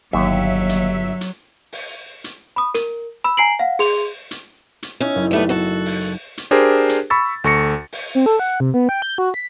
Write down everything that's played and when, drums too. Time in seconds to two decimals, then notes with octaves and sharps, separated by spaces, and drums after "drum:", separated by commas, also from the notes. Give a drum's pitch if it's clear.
0.13 G1 D#2 F#3 E5 B6
0.69 drum: hi-hat
1.21 drum: hi-hat
1.73 drum: open hi-hat
2.24 drum: hi-hat
2.56 B5 D#6
2.75 A#4, drum: hi-hat
3.24 B5 E6
3.37 G#5 A#5 C7 D7 F#7
3.59 F5 F#5
3.79 G#4 C6 F7, drum: open hi-hat
4.31 drum: hi-hat
4.83 drum: hi-hat
5.00 C#4 D#4 E4
5.15 F#1
5.31 G3 A3 B3
5.49 F#4 A4
5.86 drum: open hi-hat
6.38 drum: hi-hat
6.51 D4 G4 G#4 A#4 C5
6.89 drum: hi-hat
7.10 B5 C#6 E6 A6
7.44 D2 A4 C#6 A#6 C#7
7.93 drum: open hi-hat
8.15 C4
8.26 A4
8.39 F#5
8.60 C3
8.74 B3
8.89 G5
9.02 G6
9.18 F#4
9.34 B6